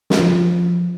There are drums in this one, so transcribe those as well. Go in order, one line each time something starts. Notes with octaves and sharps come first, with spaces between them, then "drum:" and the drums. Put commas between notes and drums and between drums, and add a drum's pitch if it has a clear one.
drum: snare
F3